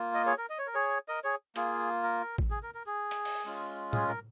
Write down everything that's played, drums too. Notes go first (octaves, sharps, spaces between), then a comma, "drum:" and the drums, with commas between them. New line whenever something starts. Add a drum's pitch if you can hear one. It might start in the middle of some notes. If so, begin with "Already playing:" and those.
Already playing: A#3 F4
A#4 D#5
G#4 C#5
A#4
D#5
C#5
A#4
G#4 C#5
A#4 D#5
G#4 C#5
A#3 F4 G#4, drum: hi-hat
A#4
drum: kick A1
G#4
A#4
A#4
G#4
drum: hi-hat
drum: open hi-hat
G#3 C#4 F4
G#4, drum: tom A2
A#4